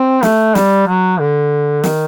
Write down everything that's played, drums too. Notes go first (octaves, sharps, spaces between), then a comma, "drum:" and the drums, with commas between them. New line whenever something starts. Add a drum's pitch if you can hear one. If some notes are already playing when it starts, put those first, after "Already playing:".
Already playing: C4
A3, drum: snare
G3, drum: snare
F#3
D3
D#3, drum: snare